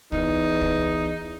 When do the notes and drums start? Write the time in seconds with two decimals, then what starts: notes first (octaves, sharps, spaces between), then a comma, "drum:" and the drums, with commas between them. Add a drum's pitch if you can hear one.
0.12 E2 D#4, drum: kick
0.61 drum: kick